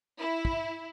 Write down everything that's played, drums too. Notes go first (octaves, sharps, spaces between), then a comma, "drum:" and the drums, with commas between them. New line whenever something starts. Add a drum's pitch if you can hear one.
E4
drum: kick